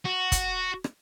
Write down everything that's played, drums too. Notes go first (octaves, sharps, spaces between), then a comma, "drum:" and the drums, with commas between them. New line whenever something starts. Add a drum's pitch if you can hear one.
F#4
drum: kick, hi-hat
drum: rim click